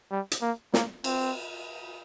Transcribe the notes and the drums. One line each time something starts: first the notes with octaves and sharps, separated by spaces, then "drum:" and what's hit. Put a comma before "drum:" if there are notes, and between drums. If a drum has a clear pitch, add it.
G3
drum: hi-hat
A#3
A#3, drum: snare
C4, drum: cymbal